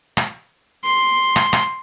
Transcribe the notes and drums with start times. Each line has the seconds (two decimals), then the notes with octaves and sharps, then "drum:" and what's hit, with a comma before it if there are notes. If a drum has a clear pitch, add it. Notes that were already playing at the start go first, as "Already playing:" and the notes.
0.17 drum: rim click
0.85 C6
1.36 drum: rim click
1.53 drum: rim click